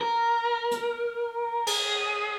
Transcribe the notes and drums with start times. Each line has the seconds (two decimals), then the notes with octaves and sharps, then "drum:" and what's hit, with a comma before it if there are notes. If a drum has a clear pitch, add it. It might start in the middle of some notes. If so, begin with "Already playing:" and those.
0.01 A#4
0.71 drum: hi-hat
1.67 G#4, drum: cymbal